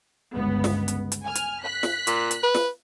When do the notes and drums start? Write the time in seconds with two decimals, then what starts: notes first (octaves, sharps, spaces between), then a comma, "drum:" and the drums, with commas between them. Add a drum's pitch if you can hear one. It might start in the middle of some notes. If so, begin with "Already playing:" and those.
0.35 G1 C#2 B3
0.64 drum: snare
0.88 drum: hi-hat
1.12 drum: hi-hat
1.24 G#5 F6
1.35 drum: hi-hat
1.62 F#6 B6
1.83 drum: snare
2.07 A#2, drum: hi-hat
2.31 drum: hi-hat
2.43 B4
2.55 drum: snare